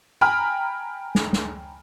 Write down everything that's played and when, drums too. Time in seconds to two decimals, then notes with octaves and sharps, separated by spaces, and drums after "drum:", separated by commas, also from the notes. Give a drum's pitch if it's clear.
0.21 G5 G#5 A#5 B5 F6
1.15 drum: snare
1.33 drum: snare